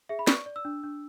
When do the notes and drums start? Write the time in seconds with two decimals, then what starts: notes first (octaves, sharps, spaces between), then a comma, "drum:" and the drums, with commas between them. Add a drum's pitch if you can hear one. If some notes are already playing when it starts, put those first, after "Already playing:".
0.09 G#4 E5
0.19 B5
0.27 D5 C#6, drum: snare
0.46 D5
0.56 E6
0.65 D4
0.83 D4